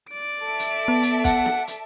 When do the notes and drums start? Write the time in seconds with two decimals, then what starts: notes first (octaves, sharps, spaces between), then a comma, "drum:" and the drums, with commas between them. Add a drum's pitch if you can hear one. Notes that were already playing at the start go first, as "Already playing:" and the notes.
0.11 D5 D7
0.42 A4 E5
0.59 drum: hi-hat
0.88 B3
1.03 drum: hi-hat
1.24 F#5, drum: kick, hi-hat
1.46 drum: snare
1.67 drum: hi-hat